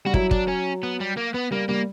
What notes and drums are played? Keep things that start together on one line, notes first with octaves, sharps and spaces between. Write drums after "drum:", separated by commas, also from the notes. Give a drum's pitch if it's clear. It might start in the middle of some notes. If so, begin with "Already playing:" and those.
G3 F#4
F#3 E4, drum: kick
D4, drum: kick
C#4
B3
G3
A#3
B3
G3 A#3
G3 A#3